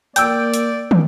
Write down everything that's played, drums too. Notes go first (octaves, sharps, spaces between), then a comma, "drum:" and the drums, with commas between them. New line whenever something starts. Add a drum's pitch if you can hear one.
A#3 D5 G5 E6, drum: hi-hat
drum: hi-hat
drum: tom